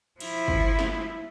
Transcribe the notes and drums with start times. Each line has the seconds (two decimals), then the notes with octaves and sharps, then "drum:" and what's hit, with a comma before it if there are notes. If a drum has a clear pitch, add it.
0.20 F3 E4, drum: cymbal
0.48 drum: kick
0.79 drum: snare